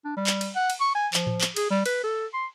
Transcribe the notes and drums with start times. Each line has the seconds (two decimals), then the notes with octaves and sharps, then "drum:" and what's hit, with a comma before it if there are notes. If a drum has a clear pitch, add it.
0.05 D4
0.17 G3
0.27 drum: clap
0.41 drum: cymbal
0.55 F#5
0.70 drum: cymbal
0.80 C#6
0.95 G#5
1.13 F3, drum: clap
1.27 drum: tom A2
1.41 drum: clap
1.56 G#4, drum: cymbal
1.70 G3
1.86 B4, drum: cymbal
2.04 A4
2.34 C6